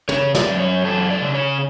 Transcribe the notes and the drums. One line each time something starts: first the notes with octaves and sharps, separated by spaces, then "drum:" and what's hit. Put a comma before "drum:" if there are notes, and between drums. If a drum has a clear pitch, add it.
C#3 C#5, drum: tom
D5, drum: snare
F#2
C#5
F#2 A4
D5
C#3
C#5